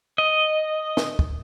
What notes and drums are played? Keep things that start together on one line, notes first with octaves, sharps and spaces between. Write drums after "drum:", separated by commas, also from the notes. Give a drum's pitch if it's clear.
D#5
drum: snare
drum: kick